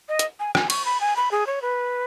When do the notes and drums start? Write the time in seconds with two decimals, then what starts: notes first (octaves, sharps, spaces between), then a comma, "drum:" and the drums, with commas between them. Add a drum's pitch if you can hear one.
0.09 D#5
0.19 drum: hi-hat
0.40 G#5
0.55 G#5, drum: rim click
0.70 C#6, drum: cymbal
0.85 B5
1.01 G#5
1.16 B5
1.31 G#4
1.47 C#5
1.62 B4